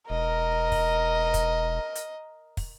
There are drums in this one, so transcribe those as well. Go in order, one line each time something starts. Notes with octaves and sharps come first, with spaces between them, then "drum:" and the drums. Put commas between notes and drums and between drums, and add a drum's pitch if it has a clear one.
E1 A#4 D#5
drum: kick, open hi-hat
drum: kick, hi-hat
drum: hi-hat
drum: kick, open hi-hat